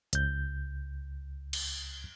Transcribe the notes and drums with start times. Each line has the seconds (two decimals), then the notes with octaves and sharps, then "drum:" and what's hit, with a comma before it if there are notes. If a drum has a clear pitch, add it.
0.13 C#2 G6, drum: hi-hat
1.53 drum: cymbal